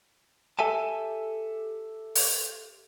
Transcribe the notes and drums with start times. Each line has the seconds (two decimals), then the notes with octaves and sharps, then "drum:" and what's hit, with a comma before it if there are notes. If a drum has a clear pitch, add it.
0.59 G4 A4 E5 G#5 A5
2.16 drum: open hi-hat